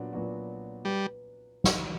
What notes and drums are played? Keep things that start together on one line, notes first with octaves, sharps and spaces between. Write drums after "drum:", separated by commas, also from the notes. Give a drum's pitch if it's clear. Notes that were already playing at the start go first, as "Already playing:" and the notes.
Already playing: A#2 F#3 B3 D4 F#4
A#2 F#3 B3 D4 F#4
G3 B4
drum: snare